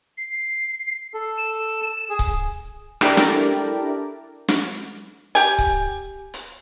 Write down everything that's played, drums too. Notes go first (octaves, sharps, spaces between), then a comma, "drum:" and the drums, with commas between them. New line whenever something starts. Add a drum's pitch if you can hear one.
C7
A4
E7
G#4
drum: kick C#1
D4 E4 G4 A4 A#4 D5, drum: rim click
drum: snare
drum: snare
G4 G#5, drum: hi-hat
drum: kick C#1
drum: hi-hat